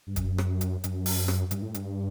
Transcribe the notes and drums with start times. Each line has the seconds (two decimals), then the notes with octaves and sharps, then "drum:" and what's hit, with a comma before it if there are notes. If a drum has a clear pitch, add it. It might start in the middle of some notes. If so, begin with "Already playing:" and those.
0.07 G2
0.16 F#2, drum: kick, hi-hat
0.38 drum: rim click
0.61 drum: hi-hat
0.84 F#2, drum: hi-hat
1.06 drum: open hi-hat
1.28 drum: rim click
1.51 G2, drum: hi-hat
1.62 A2
1.74 G2, drum: hi-hat